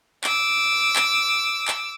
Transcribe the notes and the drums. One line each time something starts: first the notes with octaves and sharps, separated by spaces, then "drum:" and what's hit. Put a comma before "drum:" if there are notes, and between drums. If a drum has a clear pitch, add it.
D6 E6, drum: clap
drum: clap
drum: clap